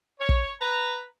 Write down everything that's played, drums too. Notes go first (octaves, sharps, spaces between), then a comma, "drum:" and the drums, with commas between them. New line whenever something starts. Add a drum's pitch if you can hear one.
C#5
drum: kick
B4 A#5